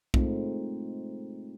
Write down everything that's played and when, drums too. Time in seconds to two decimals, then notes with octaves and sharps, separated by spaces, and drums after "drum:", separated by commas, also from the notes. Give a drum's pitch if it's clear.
0.14 G#3 A3 C4 D#4 F4, drum: kick B1